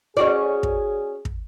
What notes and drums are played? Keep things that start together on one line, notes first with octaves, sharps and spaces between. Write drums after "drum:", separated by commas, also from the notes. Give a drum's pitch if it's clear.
C#4 F#4 G#4 D5
drum: kick
drum: kick